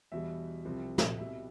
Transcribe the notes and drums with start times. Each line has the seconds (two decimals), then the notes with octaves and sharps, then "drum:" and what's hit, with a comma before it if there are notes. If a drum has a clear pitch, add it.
0.12 E2 B2 G3 E5
0.65 C2 C3 F3
0.98 drum: snare
1.18 C2 B2 G3 E5